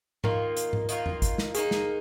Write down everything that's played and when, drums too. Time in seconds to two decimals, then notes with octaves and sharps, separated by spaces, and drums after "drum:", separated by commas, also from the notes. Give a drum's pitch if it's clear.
0.24 D#3 A#3 F4 A#4, drum: tom G#2
0.57 drum: hi-hat
0.73 drum: tom G#2
0.89 D#3 A#3 F4, drum: hi-hat
1.06 drum: tom E2
1.22 drum: kick G#1, hi-hat
1.38 drum: snare
1.55 D#3 A#3 D#4 G#4, drum: hi-hat
1.71 drum: snare